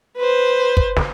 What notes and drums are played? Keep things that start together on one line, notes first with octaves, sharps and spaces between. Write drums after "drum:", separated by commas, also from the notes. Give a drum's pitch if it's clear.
B4 C5
drum: kick
drum: snare